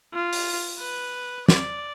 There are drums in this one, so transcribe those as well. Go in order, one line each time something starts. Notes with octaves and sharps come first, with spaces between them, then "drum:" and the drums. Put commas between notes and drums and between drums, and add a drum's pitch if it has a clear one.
F4
drum: open hi-hat
B4
D5, drum: snare